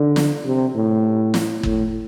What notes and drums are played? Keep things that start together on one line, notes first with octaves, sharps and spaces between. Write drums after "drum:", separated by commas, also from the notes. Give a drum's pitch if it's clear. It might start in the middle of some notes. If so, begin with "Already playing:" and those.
Already playing: D3
drum: snare
C3
A2
drum: snare
A2, drum: kick